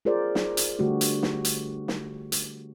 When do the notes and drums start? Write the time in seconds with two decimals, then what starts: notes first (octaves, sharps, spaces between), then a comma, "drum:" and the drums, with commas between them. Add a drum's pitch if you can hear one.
0.05 F4 G#4 A#4 C5 D5
0.35 drum: snare
0.57 drum: hi-hat
0.79 D3 G3 A3 F#4 G4
1.01 drum: hi-hat
1.23 drum: snare
1.45 drum: hi-hat
1.88 drum: snare
2.32 drum: hi-hat